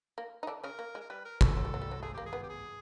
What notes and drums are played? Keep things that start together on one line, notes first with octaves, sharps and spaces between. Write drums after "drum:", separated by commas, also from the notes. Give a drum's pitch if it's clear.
A#3
D#4
D3 D4
C#3 C#4 A#4
A#3
G#3
A#4
G3 B4
A#4
A4, drum: kick
F#3
G3
F#3
G3
F#3
A3 G#4
A#3 G4
G#4
B3
G4
G#4